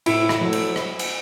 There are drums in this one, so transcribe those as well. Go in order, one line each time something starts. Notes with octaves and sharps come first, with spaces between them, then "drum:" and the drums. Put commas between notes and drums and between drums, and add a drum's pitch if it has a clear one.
A2 E4, drum: cymbal
drum: rim click
F#3 A3
drum: cymbal
drum: rim click
drum: cymbal